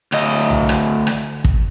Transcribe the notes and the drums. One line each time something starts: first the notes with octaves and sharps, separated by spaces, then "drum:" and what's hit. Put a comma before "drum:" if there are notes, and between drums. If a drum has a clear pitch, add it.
D2 D#5, drum: rim click
drum: tom
drum: rim click
drum: rim click
drum: kick